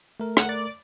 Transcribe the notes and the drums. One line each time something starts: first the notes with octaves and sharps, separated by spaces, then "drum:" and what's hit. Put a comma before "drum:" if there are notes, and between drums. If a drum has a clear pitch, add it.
A3 A#4
F#5, drum: rim click
D5